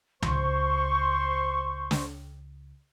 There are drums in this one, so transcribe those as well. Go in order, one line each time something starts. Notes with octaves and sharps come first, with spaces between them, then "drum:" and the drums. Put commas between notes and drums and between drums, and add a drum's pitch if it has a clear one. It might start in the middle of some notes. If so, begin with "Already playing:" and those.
C#2 C5 C6 C#6, drum: tom C#2
drum: snare